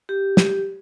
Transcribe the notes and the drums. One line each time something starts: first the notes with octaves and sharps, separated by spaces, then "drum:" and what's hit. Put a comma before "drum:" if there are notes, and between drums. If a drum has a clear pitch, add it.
G4
drum: snare